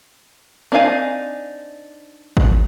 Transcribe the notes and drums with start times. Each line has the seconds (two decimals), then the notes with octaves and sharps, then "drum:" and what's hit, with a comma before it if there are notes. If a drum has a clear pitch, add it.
0.72 C4 D4 D#4 F5 G#5
2.37 drum: kick G#1